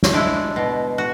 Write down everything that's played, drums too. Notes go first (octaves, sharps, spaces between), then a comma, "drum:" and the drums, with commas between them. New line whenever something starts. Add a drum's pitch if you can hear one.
drum: snare
G#3 D4 E4
B2
F#4